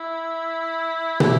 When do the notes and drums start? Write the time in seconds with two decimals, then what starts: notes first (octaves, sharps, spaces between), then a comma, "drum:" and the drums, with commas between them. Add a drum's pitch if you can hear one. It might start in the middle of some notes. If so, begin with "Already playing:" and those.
Already playing: E4
1.20 E4, drum: tom